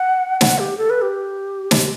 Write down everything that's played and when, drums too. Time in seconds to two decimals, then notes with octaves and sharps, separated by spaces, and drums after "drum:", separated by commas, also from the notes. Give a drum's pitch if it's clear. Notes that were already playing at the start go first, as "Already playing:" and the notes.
Already playing: F#5
0.41 F#5, drum: snare
0.59 G4
0.78 A4
0.90 B4
1.01 G4
1.71 drum: snare